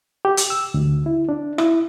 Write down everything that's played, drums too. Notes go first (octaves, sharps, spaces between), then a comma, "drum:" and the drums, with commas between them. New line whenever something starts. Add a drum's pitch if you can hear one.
G4
drum: hi-hat
E6
D2
E4
D4
E4, drum: rim click